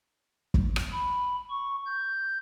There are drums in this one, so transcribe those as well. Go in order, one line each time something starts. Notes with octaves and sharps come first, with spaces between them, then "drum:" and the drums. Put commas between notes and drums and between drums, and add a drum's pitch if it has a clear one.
drum: kick
drum: rim click
B5
C#6
G6